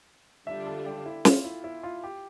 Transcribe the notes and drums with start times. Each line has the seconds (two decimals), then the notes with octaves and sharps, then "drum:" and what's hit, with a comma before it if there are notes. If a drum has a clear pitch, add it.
0.47 D3 G3 D4 F4 E5
0.66 A4
0.86 G4
1.06 E4
1.25 F4, drum: snare
1.44 E4
1.64 E4
1.83 F4
2.03 G4